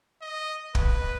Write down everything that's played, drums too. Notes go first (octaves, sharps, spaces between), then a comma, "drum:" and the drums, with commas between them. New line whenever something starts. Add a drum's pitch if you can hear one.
D#5
B4, drum: kick